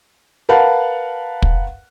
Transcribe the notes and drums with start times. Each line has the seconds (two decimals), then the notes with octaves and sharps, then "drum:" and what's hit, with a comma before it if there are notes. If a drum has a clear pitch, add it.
0.49 A#4 B4 F5 F#5 A5
1.42 drum: kick